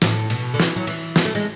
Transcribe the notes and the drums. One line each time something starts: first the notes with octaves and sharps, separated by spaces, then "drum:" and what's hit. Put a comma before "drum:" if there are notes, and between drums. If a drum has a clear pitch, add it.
A2, drum: snare
B2, drum: cymbal
D3
E3, drum: snare
F#3
E3, drum: cymbal
B3, drum: snare
A3
G#3